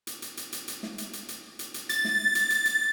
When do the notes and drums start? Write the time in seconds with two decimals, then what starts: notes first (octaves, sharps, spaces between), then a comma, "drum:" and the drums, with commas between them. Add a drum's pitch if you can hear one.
0.07 drum: hi-hat
0.22 drum: hi-hat
0.37 drum: hi-hat
0.53 drum: hi-hat
0.68 drum: hi-hat
0.83 drum: snare
0.98 drum: hi-hat
1.13 drum: hi-hat
1.29 drum: hi-hat
1.59 drum: hi-hat
1.74 drum: hi-hat
1.89 A6, drum: hi-hat
2.05 drum: snare
2.35 drum: hi-hat
2.50 drum: hi-hat
2.65 drum: hi-hat